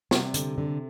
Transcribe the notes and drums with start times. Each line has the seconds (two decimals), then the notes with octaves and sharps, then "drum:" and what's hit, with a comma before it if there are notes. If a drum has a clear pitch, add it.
0.11 C3 G3, drum: snare
0.34 D3, drum: hi-hat
0.58 D3